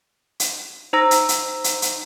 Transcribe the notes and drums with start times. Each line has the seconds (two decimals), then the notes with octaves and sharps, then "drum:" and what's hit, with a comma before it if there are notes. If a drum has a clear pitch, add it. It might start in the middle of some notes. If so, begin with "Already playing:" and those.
0.40 drum: hi-hat
0.93 D#4 C5 A#5 E6 A#6
1.11 drum: hi-hat
1.29 drum: hi-hat
1.64 drum: hi-hat
1.82 drum: hi-hat